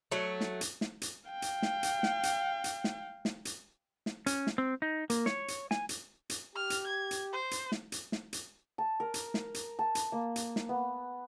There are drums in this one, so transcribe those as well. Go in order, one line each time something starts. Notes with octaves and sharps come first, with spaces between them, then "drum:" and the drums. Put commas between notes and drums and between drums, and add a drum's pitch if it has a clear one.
F#3 A3
drum: snare
drum: hi-hat
drum: snare
drum: hi-hat
F5 G5
drum: hi-hat
drum: snare
drum: hi-hat
drum: snare
drum: hi-hat
drum: hi-hat
drum: snare
drum: snare
drum: hi-hat
drum: snare
C#4, drum: hi-hat
drum: snare
C4
D#4
A#3, drum: hi-hat
C#5, drum: snare
drum: hi-hat
G#5, drum: snare
drum: hi-hat
drum: hi-hat
G4 F6
drum: hi-hat
G#6
drum: hi-hat
C5
drum: hi-hat
drum: snare
drum: hi-hat
drum: snare
drum: hi-hat
A5
A#4
drum: hi-hat
drum: snare
drum: hi-hat
A5
drum: hi-hat
A#3
drum: hi-hat
drum: snare
B3